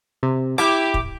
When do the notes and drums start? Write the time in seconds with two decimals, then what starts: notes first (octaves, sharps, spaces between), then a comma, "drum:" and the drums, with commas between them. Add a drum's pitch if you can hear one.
0.23 C3
0.58 E4 G4 D6, drum: rim click
0.94 drum: kick